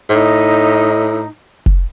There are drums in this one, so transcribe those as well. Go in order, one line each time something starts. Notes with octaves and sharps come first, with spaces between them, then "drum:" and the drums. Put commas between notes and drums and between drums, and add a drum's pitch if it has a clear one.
A2 D#4
drum: kick F1